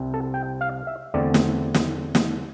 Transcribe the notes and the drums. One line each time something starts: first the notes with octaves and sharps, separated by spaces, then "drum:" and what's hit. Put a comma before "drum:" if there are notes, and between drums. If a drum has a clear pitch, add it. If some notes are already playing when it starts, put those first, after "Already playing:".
Already playing: C2 C3 G3 C4
A4
G5
F5
E5
E2 D3 A3 C4 D5
drum: snare
drum: snare
drum: snare